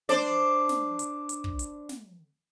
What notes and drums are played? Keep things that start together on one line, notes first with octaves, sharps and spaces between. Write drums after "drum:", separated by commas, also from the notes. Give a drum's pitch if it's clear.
D4 C5 D5, drum: snare
drum: snare
drum: hi-hat
drum: hi-hat
drum: kick
drum: hi-hat
drum: snare